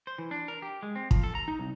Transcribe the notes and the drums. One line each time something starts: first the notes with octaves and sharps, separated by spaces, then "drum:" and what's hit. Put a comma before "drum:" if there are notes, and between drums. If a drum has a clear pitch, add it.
C5
E3
D4
A#4
G4
G#3
C4
F3, drum: kick
A4
A#5
D#4
C2